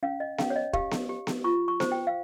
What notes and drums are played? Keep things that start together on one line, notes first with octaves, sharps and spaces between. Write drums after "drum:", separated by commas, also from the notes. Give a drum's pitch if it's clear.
C#4 F5
D#5
C#4 F5, drum: snare B3
C#5
D#5
G4 F5, drum: kick
drum: snare B3
G4
drum: snare B3
F4 C#6
C#6
C5, drum: snare B3
G5
F5